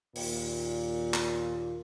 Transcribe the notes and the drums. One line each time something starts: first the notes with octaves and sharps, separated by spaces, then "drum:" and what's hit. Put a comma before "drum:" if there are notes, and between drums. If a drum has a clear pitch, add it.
D#2 A#2, drum: open hi-hat
drum: clap